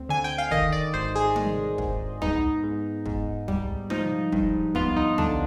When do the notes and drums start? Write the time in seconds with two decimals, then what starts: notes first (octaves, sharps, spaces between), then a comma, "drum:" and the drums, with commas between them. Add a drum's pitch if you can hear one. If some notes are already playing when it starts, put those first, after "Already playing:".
Already playing: D2 C4
0.09 D3 G#5
0.24 G5
0.38 F5
0.51 D#3 D#5, drum: kick
0.72 D5
0.94 G#1 C5
1.16 G#4
1.36 G#3, drum: tom
1.78 G#2, drum: kick
2.22 B3 D#4, drum: tom
2.64 G#2
3.06 G#2, drum: kick
3.48 G3, drum: tom
3.90 F3 D#4, drum: tom
4.32 G2, drum: kick
4.75 B3 F4, drum: tom
4.96 D#4
5.18 D3 D4, drum: tom